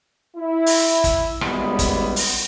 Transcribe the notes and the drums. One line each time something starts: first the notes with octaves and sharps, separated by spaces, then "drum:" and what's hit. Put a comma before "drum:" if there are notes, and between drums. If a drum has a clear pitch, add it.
E4
drum: open hi-hat
drum: kick, hi-hat
G#1 C#2 F#2 G3 G#3 B3, drum: rim click
drum: kick, hi-hat
drum: open hi-hat